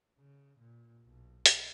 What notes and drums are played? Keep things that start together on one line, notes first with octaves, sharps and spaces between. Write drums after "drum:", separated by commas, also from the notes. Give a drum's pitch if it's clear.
C#3
A#2
B1
drum: hi-hat